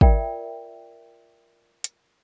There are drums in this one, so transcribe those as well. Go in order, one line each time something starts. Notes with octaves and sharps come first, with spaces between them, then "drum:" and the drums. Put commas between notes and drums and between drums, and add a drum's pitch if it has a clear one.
F4 A#4 D5 E5 G5, drum: kick
drum: hi-hat